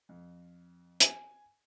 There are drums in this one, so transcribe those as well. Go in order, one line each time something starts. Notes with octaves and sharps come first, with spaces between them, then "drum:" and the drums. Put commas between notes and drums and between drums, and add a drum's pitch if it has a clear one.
F2
G#5, drum: hi-hat